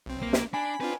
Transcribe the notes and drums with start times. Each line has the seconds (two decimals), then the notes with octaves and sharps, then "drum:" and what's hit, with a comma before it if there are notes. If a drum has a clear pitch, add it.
0.06 B1 C4
0.23 A#3
0.33 drum: snare
0.54 D4 G#5 B5
0.81 C4 D4 F4 B4